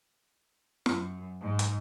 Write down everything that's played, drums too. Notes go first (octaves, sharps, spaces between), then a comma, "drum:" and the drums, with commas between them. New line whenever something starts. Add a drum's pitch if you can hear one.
F#2, drum: snare
G#2
drum: hi-hat